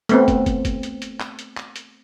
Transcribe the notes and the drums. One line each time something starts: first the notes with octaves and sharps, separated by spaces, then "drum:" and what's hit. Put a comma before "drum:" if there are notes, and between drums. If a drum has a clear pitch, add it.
A3 B3 C4, drum: hi-hat
drum: kick, hi-hat
drum: kick, hi-hat
drum: kick, hi-hat
drum: hi-hat
drum: hi-hat
drum: clap
drum: hi-hat
drum: clap
drum: hi-hat